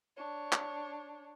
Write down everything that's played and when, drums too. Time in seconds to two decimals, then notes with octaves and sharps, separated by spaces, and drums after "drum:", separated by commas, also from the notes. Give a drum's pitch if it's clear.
0.17 D4 C#5
0.53 drum: clap